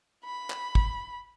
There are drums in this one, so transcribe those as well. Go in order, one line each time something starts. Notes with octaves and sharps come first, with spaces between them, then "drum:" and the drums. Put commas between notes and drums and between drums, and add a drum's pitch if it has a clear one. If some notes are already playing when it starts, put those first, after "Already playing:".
B5
drum: clap
drum: kick